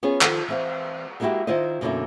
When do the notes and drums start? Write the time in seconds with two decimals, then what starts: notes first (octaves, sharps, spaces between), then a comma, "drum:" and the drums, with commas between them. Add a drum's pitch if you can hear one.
0.03 B3 C#4 F4 G#4
0.21 D#3 F3 A4, drum: clap
0.48 E3 C4 F5
1.20 G#3 A#3 D4 E4 F#4 G4
1.47 D#3 E4 F4 C5 D#5
1.81 F#2 B2 D3 A#3 E4